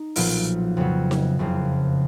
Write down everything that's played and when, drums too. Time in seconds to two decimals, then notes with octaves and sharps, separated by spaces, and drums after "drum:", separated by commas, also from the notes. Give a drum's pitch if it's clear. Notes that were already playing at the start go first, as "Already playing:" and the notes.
Already playing: D#4
0.16 B1 A#2 F3 B3 F4, drum: open hi-hat
0.77 F2 C#3 F#3 B3
1.11 drum: snare D#4
1.39 F#1 F2 C#3